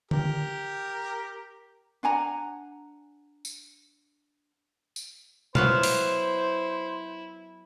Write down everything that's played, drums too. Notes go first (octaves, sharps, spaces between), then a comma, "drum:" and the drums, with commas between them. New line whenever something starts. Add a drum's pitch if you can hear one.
G4 A#4, drum: tom D3
D4 F#5 G#5 A#5
drum: tambourine
drum: tambourine
F#3 B3 E4 C5 F5, drum: tom B2
drum: open hi-hat